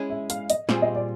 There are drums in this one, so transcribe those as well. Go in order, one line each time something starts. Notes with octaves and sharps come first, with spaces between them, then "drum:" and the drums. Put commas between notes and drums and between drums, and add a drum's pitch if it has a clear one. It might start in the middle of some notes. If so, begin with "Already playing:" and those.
Already playing: G#3 C#4 E4 G#4
E5
F5, drum: hi-hat
D#5, drum: hi-hat
A#2 G3 C4 F4 G#4, drum: snare
D#5
D5